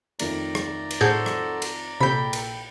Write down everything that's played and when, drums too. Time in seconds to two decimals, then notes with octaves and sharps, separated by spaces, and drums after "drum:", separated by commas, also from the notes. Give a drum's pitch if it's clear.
0.19 F2 D#3 A3 D5 A#5, drum: cymbal
0.55 drum: rim click
0.91 drum: cymbal
1.01 A2 F#4 G#4 A4 C5 G6
1.26 drum: rim click
1.62 drum: cymbal
2.00 A#1 C3 A4 G5 B5 B6
2.33 drum: cymbal